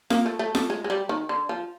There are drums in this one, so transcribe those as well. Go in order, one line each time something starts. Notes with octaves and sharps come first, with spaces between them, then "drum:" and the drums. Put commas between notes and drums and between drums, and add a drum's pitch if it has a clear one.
A#3, drum: snare F4
A3
A3
A3, drum: snare F4
G#3
G#3
G3
D#3
D3
F3